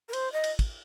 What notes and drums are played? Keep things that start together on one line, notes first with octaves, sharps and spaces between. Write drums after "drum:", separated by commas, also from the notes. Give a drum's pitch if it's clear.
A#4
C5, drum: cymbal
D#5
drum: cymbal
drum: kick, cymbal